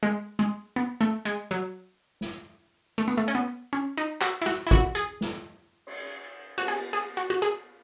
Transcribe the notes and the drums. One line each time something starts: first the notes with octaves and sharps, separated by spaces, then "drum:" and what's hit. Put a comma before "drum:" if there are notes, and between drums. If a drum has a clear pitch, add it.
G#3
G#3
B3
A3
G#3
F#3
drum: snare
A3
B3, drum: tambourine
A3
C#4
B3
C#4
D#4
F#4, drum: clap
E4
F#4, drum: snare
E4
F#4, drum: kick
G#4
drum: snare
drum: cymbal
F#4, drum: cymbal
G#4
G#4
F#4
F#4
G#4